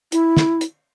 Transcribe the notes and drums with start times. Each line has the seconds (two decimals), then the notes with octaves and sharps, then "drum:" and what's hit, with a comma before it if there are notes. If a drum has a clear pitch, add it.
0.12 E4, drum: hi-hat
0.37 drum: snare
0.61 drum: hi-hat